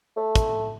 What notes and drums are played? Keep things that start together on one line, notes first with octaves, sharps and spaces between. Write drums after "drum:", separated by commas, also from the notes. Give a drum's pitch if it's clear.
A3
drum: kick, hi-hat